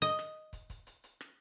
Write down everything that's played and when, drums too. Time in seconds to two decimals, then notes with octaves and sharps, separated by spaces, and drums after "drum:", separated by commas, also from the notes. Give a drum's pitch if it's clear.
0.02 D#5, drum: hi-hat
0.19 drum: rim click
0.53 drum: kick, hi-hat
0.70 drum: kick, hi-hat
0.87 drum: hi-hat
1.04 drum: hi-hat
1.21 drum: rim click